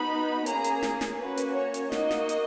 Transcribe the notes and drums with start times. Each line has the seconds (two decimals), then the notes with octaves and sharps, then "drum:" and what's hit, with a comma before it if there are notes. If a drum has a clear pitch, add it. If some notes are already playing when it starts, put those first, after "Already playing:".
Already playing: B3 D#4 F#4 B5
0.46 A#3 C#4 G#4 A#5, drum: hi-hat
0.64 drum: hi-hat
0.83 drum: snare
1.01 drum: snare
1.19 A#3 C#4 F#4 B4
1.37 drum: hi-hat
1.56 C#5
1.74 drum: hi-hat
1.92 A#3 D#4 F#4 D#5, drum: snare
2.11 drum: snare
2.29 drum: hi-hat